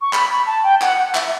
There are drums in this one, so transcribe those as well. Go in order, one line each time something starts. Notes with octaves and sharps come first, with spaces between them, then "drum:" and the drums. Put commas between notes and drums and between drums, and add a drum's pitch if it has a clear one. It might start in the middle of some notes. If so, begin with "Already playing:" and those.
C#6
B5, drum: clap
B5
A5
G5
F#5, drum: clap
F#5
E5, drum: clap